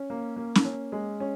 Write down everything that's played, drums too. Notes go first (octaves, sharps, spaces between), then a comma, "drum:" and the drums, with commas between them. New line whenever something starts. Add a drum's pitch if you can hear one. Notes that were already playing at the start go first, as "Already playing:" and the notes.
Already playing: C#4
A#3
A#3
drum: snare C#4
C#4
G#3
C#4